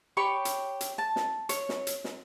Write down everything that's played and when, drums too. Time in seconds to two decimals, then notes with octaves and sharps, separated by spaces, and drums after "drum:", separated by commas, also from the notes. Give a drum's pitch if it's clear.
0.17 G4 C#5 B5 C#6
0.45 drum: hi-hat
0.81 drum: hi-hat
0.98 A5
1.16 drum: snare
1.49 C#5, drum: hi-hat
1.69 drum: snare
1.87 drum: hi-hat
2.04 drum: snare